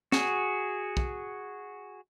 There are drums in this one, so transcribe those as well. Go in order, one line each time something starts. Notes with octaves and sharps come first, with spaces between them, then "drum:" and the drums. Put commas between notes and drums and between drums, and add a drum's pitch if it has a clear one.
F#4 G#4, drum: snare
drum: kick